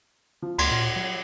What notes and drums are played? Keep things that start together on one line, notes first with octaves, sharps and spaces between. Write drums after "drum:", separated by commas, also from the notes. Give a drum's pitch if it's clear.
F3
D2 C6, drum: cymbal
A#2
F#3